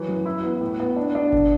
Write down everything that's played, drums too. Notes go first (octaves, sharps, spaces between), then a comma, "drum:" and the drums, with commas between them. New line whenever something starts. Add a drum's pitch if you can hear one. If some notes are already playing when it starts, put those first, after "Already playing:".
Already playing: E3 F#3
F#2
E4
B3
A2
B3
D4
D4
D3, drum: kick G1